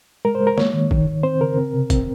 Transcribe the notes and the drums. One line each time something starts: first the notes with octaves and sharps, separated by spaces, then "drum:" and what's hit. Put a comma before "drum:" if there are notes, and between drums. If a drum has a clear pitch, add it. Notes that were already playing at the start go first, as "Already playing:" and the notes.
G#3 A#4
C5
G#3
A#4
A#3 C#5, drum: snare
D#3
D#3, drum: kick
D#3
C4 C5
C#3 A#4
C4
C3
C4, drum: kick, hi-hat